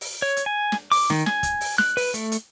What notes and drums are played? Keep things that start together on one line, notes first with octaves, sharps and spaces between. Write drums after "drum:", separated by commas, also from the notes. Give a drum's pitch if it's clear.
drum: open hi-hat
C#5
drum: hi-hat
G#5
drum: snare
D6, drum: open hi-hat
D#3, drum: snare
G#5, drum: snare
drum: kick, hi-hat
drum: open hi-hat
F#6, drum: snare
B4, drum: open hi-hat
A3, drum: hi-hat
drum: hi-hat